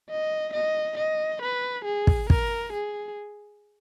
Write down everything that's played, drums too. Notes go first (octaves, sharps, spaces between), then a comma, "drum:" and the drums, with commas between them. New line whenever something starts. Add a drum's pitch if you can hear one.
D#5
D#5
D#5
B4
G#4
drum: kick
A#4, drum: kick
G#4